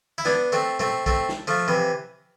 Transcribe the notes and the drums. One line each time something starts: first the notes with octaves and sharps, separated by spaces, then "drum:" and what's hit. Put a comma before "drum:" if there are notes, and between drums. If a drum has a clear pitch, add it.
E4
B3 D4, drum: snare
A3 C4
A3 C4, drum: tom
A3 C4, drum: kick
drum: snare
F3 A3
C3 E3